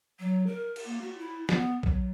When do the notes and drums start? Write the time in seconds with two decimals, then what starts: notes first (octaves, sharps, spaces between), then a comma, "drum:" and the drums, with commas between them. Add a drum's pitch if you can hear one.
0.20 F#3
0.47 A#4
0.76 drum: cymbal
0.85 A#3
1.02 F#4
1.18 E4
1.49 B3, drum: snare
1.83 F#3, drum: kick A#1